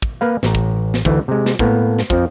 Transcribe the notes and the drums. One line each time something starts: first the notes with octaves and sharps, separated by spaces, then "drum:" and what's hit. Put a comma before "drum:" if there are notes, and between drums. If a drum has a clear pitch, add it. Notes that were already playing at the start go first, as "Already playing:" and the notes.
drum: kick
A#3 B4 F5
A1 A#5, drum: snare
drum: kick
drum: snare
D2 E3 A3, drum: kick
C3 G#3
drum: snare
A2 A#3 B3, drum: kick
drum: snare
F2 F3, drum: kick